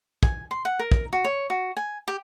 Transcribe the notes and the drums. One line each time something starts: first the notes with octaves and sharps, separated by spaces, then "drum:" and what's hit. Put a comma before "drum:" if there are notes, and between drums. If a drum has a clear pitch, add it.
G#5, drum: kick
C6
F#5
A#4
drum: kick
F#4
C#5
F#4
G#5
G4